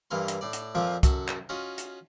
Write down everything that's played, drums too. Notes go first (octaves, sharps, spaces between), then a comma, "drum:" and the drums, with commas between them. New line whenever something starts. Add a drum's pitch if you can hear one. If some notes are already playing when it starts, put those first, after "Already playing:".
G2 E3 A#3 F5 C6
drum: hi-hat
A2 D5
drum: hi-hat
F2 A#2 F3 F4 E5 D6
F#2 F#4 A4, drum: kick C2, hi-hat
drum: clap
C#4 F4 F#4 D#5
drum: hi-hat